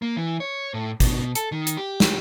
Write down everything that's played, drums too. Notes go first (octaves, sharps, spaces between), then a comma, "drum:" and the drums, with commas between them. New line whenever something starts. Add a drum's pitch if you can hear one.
A#3
E3
C#5
A2
B2, drum: kick, hi-hat
A4, drum: hi-hat
D#3
drum: hi-hat
G4
drum: snare